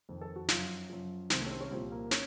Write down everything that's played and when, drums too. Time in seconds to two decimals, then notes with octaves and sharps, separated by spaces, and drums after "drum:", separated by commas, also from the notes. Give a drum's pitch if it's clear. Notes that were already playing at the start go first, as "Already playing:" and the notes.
0.09 F2 D#3
0.21 A4
0.36 F#4
0.48 F#2 F3 F4, drum: snare
0.90 F#2 F3
1.30 C2 C3 D#3 C4, drum: snare
1.41 A3
1.46 C#4
1.51 C4
1.61 C#4
1.71 C2 A#2 F3 C4
1.92 A#3
2.11 C#4, drum: snare